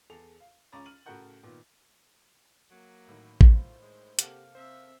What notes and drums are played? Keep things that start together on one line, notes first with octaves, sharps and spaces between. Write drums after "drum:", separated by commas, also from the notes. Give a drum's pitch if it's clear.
E2 G#4 A4 F7
F5
C#2 C#4 A#5 B5 D6 A6
F6 D#7 F#7
A2 C#3 F#4 A#4 F#5 G6
A#2 D#3 B3
F#3 A#3
A1 A2 D#3
drum: kick A1
F4 C5
G#3
C3 A#3 G4 A4 F5 F#5, drum: hi-hat
C4 C5 E5